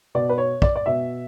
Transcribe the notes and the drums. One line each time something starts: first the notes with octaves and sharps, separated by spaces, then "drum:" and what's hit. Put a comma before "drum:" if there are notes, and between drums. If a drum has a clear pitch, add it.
B2 D5
B4
C#5
D5, drum: kick
D5
B2 E5